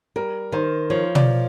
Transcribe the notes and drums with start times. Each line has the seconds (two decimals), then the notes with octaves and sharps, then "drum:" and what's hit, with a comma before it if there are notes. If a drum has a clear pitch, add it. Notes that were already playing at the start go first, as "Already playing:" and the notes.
0.16 G3 A#4
0.52 D#3 C5
0.90 F3 C#5
1.15 D5, drum: tom